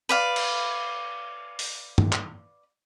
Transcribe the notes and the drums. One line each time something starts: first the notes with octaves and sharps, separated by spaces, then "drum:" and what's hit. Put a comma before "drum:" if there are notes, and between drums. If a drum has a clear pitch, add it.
B4 D5 F5
drum: cymbal
drum: open hi-hat
drum: tom
drum: clap